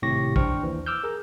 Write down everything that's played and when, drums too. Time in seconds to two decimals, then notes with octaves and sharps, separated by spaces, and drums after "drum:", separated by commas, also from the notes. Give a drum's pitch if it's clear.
0.02 G#1 A2 C3 G4 C#6 A#6
0.36 D4 C5 G5 C#6 F6, drum: kick A#1
0.63 D#2 E3
0.86 D6 E6 F6 G6
1.04 G#4 A#4